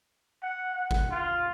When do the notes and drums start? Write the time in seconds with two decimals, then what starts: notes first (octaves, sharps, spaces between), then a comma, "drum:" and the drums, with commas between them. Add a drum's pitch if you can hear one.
0.43 F#5
0.73 F#5
0.91 drum: kick G1
1.10 F4